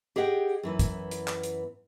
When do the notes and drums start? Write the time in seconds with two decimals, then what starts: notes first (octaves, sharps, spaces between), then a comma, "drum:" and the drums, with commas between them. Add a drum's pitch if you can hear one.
0.16 G4 G#4 D#5 F#5 G5
0.63 F#2 E3 B3
0.79 drum: kick, hi-hat
1.11 drum: hi-hat
1.27 drum: clap
1.43 drum: hi-hat